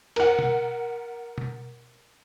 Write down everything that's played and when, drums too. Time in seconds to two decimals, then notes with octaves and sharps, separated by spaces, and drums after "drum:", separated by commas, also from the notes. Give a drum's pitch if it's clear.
0.16 A#4 F#5, drum: cymbal
0.39 drum: tom B2
1.38 drum: tom B2